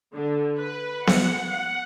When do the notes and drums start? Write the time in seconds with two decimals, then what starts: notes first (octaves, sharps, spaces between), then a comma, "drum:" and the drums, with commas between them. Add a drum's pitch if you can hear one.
0.13 D3
0.58 B4
1.07 F#5, drum: snare B3
1.50 F#5